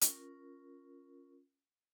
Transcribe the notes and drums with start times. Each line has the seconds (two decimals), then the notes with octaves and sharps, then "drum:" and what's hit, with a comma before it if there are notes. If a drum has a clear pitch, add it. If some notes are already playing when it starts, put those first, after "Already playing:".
0.01 C#4 F4 A#4, drum: hi-hat